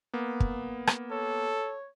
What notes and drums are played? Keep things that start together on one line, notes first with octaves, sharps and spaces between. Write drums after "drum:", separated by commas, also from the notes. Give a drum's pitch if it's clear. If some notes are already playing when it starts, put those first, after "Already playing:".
A#3 B3
drum: kick
drum: rim click
A4 C#5